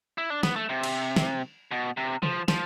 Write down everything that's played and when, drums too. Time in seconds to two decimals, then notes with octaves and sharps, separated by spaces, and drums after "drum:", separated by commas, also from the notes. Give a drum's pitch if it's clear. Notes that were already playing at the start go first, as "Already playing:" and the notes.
0.18 E4
0.30 D4
0.43 B3, drum: snare
0.56 A3
0.69 C3
0.83 drum: cymbal
1.16 drum: snare
1.71 B2
1.97 C3
2.23 F3, drum: tom C3
2.48 F3, drum: snare